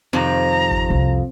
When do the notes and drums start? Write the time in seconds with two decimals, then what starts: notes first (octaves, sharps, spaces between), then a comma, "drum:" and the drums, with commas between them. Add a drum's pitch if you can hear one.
0.13 F2 C3 D#3 C4 A#5
0.71 drum: kick G#1
0.90 C2